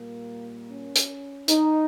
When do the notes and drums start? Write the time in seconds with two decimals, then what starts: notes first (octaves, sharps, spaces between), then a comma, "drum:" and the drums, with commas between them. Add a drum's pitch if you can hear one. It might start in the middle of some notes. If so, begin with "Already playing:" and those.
Already playing: A#2 G3 A#3
0.69 C#4
0.96 drum: hi-hat
1.48 D#4, drum: hi-hat